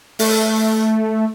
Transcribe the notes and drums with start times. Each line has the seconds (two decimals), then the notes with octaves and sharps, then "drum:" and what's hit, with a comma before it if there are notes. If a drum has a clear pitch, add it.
0.19 A3, drum: open hi-hat